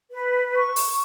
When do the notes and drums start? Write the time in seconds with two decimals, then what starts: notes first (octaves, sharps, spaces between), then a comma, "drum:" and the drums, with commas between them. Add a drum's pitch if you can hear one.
0.11 B4
0.54 C#6
0.76 drum: open hi-hat